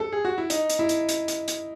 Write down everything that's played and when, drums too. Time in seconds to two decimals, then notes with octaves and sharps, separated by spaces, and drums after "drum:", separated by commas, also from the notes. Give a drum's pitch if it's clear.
0.00 A4
0.13 G#4
0.25 F#4
0.38 E4
0.50 D#4, drum: hi-hat
0.70 drum: hi-hat
0.79 E4
0.89 drum: hi-hat
1.09 drum: hi-hat
1.28 drum: hi-hat
1.48 drum: hi-hat